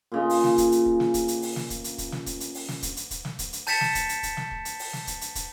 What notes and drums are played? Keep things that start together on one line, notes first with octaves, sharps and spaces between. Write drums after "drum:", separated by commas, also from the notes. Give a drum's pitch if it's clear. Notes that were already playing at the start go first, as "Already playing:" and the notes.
A#2 C#3 D#5
drum: open hi-hat
drum: snare
drum: kick, hi-hat
drum: hi-hat
drum: kick
drum: snare
drum: kick, hi-hat
drum: hi-hat
drum: open hi-hat
drum: snare
drum: kick, hi-hat
drum: hi-hat
drum: kick, hi-hat
drum: snare
drum: kick, hi-hat
drum: hi-hat
drum: open hi-hat
drum: snare
drum: kick, hi-hat
drum: hi-hat
drum: kick, hi-hat
drum: snare
drum: kick, hi-hat
drum: hi-hat
A5 G6 A6 B6 C#7 E7, drum: open hi-hat
drum: snare
drum: kick, hi-hat
drum: hi-hat
drum: kick, hi-hat
drum: snare
drum: kick
drum: hi-hat
drum: open hi-hat
drum: snare
drum: kick, hi-hat
drum: hi-hat
drum: kick, hi-hat